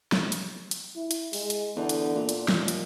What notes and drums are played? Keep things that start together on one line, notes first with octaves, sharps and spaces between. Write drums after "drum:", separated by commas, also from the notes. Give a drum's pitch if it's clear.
drum: snare
drum: hi-hat
drum: hi-hat
E4
drum: hi-hat
G#3, drum: open hi-hat
drum: hi-hat
E2 D3
drum: hi-hat
A#2
drum: hi-hat
D#2, drum: snare
drum: hi-hat